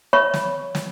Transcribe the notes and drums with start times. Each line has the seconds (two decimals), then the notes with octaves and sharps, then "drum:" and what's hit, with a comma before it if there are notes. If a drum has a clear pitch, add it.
0.13 C#5 E5 B5 C#6
0.34 drum: snare
0.75 drum: snare